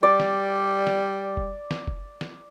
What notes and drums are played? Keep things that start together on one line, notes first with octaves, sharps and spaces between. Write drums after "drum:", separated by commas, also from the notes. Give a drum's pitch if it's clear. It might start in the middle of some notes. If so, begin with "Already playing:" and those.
G3 D5
drum: snare
drum: snare
drum: kick
drum: snare
drum: kick
drum: snare